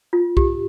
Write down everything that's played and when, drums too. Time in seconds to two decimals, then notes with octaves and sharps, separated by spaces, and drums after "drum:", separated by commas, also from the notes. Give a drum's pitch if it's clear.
0.13 F4
0.37 G4, drum: kick B1